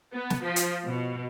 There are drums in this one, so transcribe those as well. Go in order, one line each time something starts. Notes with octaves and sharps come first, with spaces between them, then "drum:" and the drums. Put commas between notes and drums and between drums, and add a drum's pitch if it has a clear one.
B3
drum: snare
F3
drum: hi-hat
B2